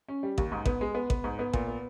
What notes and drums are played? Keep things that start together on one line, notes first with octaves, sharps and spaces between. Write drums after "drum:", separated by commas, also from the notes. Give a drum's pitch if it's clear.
C#4
G3
D#2, drum: kick A1
G#2
B3, drum: kick A1
G#3
B3
B3, drum: kick A1
G#2
B3
A#2, drum: kick A1
B3